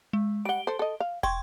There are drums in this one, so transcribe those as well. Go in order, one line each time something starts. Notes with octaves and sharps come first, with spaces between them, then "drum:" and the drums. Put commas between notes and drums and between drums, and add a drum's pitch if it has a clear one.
G#3
G3 F#5 D7 G7
A4 C5
A4 D#5
F5
G5 C6 C#6 G#6, drum: kick